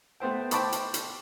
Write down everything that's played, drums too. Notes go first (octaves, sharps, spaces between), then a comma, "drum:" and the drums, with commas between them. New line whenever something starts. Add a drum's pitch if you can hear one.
A3 B3 C5 G5
C5 G5 A5 B5 C#6 D6, drum: hi-hat
drum: hi-hat
drum: hi-hat